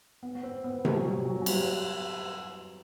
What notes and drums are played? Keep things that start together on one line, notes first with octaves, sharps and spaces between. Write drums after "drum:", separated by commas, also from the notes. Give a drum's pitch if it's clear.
B3
B3
C4
B3
A3, drum: tom C3
F#3
G3
F#3
F#3
G3, drum: cymbal